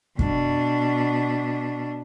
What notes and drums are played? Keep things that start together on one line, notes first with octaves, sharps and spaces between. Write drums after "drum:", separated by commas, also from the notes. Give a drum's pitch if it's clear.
B2 D4, drum: kick F#2